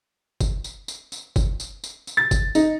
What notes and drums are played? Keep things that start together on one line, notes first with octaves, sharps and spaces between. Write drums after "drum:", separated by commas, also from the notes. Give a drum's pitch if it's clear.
drum: kick, tambourine
drum: tambourine
drum: tambourine
drum: tambourine
drum: kick, tambourine
drum: tambourine
drum: tambourine
drum: tambourine
A6
drum: kick, tambourine
D#4, drum: tambourine